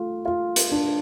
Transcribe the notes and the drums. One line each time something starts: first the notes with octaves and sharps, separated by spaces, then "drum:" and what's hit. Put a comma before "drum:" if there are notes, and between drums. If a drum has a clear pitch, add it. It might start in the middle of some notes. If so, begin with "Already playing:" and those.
Already playing: A3 F4
F4
drum: hi-hat
D4